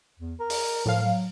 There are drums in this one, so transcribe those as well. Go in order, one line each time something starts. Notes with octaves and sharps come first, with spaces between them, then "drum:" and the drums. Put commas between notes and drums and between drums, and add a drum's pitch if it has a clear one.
E2
A#4
drum: open hi-hat
A2 F3 F5
F#3